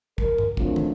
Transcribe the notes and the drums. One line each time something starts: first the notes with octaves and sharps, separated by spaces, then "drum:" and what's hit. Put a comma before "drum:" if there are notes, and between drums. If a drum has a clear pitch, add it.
A#4, drum: kick
drum: tom G2
F#3 A3 C4 D4 F4, drum: kick
drum: tom